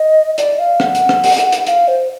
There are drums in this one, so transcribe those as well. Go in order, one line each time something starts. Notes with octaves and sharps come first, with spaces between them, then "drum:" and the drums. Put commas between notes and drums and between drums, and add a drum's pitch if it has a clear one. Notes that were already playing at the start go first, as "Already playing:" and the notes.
Already playing: D#5
D5, drum: hi-hat
F5
F#5, drum: rim click
drum: hi-hat
drum: rim click
drum: open hi-hat
drum: hi-hat
drum: hi-hat
F5, drum: hi-hat
C5